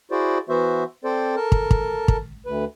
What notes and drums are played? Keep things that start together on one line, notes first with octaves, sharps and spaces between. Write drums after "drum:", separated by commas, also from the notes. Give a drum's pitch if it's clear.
E4 F#4 G#4 C5 D5
E3 B3 F#4 C5 E5
C4 A4 C5 D5
A4 A#4 A5
drum: kick
drum: kick
drum: kick
D2 B4